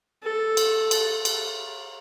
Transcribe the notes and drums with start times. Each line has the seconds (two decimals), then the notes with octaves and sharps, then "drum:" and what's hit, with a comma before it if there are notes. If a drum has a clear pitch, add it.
0.23 A4
0.57 drum: cymbal
0.91 drum: cymbal
1.25 drum: cymbal